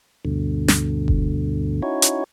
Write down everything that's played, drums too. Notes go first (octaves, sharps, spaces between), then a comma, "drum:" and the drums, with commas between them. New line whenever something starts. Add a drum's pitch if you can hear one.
D2 G2 B2 D3
drum: snare
drum: kick F#1
C#4 D#4 E4 F#4 C#5
drum: hi-hat